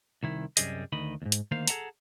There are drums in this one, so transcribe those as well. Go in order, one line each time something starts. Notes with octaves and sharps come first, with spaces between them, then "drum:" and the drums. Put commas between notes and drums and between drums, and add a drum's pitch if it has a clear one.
C2 D#3 E4
C2 F#2 G3 G#4 D#5, drum: hi-hat
D2 D#3 D#5 B5
D#2 G#2
drum: hi-hat
D2 D#3 A#3 C5 F5
G#4 A4 E5 F#5 A5 A#5, drum: hi-hat